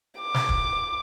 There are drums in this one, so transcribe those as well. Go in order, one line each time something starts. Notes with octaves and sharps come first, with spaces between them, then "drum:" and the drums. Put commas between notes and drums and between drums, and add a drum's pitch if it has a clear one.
D6
drum: snare
drum: kick